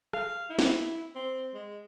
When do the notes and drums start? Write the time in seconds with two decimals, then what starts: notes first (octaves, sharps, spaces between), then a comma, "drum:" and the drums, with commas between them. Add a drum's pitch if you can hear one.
0.13 F5, drum: rim click
0.49 E4
0.59 drum: snare
1.15 C4
1.54 G#3